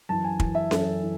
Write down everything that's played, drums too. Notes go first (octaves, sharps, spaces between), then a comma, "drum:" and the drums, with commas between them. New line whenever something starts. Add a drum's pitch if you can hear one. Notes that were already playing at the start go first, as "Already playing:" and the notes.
F#2 E3 A5
G#5
F#2 E3, drum: kick
E5
F#2 E3 A4, drum: snare C#4
E3